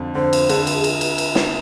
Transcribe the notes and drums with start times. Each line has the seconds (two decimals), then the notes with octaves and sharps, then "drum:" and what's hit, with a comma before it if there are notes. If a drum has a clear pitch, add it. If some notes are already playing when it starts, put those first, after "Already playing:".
Already playing: F2 D3
0.15 D3 C5
0.33 drum: cymbal
0.49 D3 G#4, drum: cymbal
0.67 drum: cymbal
0.84 drum: cymbal
1.01 drum: cymbal
1.18 drum: cymbal
1.35 drum: snare